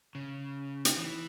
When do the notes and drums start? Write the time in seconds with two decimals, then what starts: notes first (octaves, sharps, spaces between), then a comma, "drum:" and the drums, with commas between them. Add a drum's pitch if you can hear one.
0.15 C#3
0.85 drum: hi-hat
0.98 E3